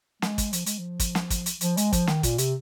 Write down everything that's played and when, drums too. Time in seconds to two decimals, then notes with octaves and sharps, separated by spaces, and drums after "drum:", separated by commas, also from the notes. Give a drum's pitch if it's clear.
0.22 G#3, drum: snare
0.38 drum: kick, hi-hat
0.53 F3, drum: hi-hat
0.66 G#3, drum: hi-hat
0.79 F3
1.00 drum: kick, hi-hat
1.15 drum: snare
1.30 drum: kick, hi-hat
1.46 drum: hi-hat
1.61 F3, drum: hi-hat
1.77 G#3, drum: hi-hat
1.93 F3, drum: kick, hi-hat
2.07 D#3, drum: snare
2.23 A#2, drum: kick, hi-hat
2.38 C3, drum: hi-hat